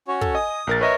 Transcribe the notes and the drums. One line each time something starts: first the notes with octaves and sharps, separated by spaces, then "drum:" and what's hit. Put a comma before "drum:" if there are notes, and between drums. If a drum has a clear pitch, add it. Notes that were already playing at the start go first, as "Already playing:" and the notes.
C#4 F#4 C#5
A4, drum: kick
D#5 G#5 D#6
A#1 A#4 A6
A#4 B4 C#5 D#5 E5